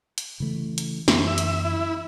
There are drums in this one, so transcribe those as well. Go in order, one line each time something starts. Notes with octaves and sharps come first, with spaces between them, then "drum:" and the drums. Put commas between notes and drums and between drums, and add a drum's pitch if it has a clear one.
drum: hi-hat
C#3 E3 A3
drum: hi-hat
F#2 D3 E3, drum: snare
E5
drum: hi-hat
E4